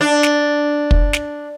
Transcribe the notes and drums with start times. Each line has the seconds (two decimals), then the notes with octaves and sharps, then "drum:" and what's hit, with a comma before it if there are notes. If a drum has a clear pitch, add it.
0.01 D4
0.23 drum: snare
0.91 drum: kick
1.13 drum: snare